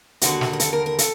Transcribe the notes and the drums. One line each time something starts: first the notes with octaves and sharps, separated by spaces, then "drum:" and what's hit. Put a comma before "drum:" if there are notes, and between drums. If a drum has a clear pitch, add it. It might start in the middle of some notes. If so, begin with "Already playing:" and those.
D#2 D3 G3 F#4, drum: hi-hat
drum: snare
A#4
A4, drum: hi-hat
A#4
A#4
A4, drum: hi-hat